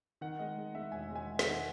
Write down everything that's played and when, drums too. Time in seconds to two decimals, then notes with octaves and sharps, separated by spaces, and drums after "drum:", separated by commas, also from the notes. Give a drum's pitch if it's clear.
0.21 D#3 F#5
0.39 G#3 D#5
0.57 G#3
0.74 G#3 E5
0.92 E1 G#5
1.10 G#3
1.16 G#5
1.27 E1
1.39 F#5, drum: snare
1.45 D#3